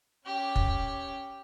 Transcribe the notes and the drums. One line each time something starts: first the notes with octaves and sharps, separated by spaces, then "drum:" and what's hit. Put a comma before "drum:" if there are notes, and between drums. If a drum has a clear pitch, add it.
C#4 G4
drum: kick